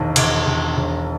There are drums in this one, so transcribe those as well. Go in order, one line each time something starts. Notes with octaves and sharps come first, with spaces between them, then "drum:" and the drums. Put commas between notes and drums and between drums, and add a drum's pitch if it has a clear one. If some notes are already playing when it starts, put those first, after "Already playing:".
Already playing: E1 A#1 D#3
E1, drum: cymbal
E1
E1